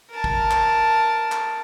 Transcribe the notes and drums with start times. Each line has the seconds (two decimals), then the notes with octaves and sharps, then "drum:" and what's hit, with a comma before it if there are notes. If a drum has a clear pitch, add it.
0.11 A#4 A5
0.24 drum: kick
0.51 drum: clap
1.32 drum: clap